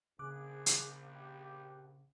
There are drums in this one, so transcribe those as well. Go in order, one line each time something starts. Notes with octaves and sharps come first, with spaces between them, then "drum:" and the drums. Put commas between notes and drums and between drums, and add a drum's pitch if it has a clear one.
A#1 C#3 G#4 D6 F#6
drum: hi-hat
G4